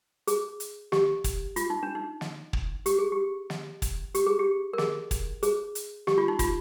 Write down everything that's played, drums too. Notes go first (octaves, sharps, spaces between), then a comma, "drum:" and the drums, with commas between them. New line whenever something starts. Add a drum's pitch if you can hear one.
G#4, drum: hi-hat
drum: hi-hat
G4, drum: snare
drum: kick, hi-hat
F4, drum: hi-hat
D#4
D4
D#4
drum: snare
drum: kick
G4, drum: hi-hat
G#4
G4
drum: snare
drum: kick, hi-hat
G4, drum: hi-hat
G#4
G4
A#4
G#4, drum: snare
drum: kick, hi-hat
G#4, drum: hi-hat
drum: hi-hat
G4, drum: snare
F4
D#4
F4, drum: kick, hi-hat